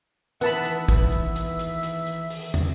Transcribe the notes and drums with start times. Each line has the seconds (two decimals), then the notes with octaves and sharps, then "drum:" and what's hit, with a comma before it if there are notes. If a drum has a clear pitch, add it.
0.41 D#3 E3 B3 E5 F#5 A5 B5, drum: hi-hat
0.65 drum: hi-hat
0.88 drum: kick, hi-hat
1.12 drum: hi-hat
1.36 drum: hi-hat
1.59 drum: hi-hat
1.83 drum: hi-hat
2.07 drum: hi-hat
2.30 drum: open hi-hat
2.54 drum: tom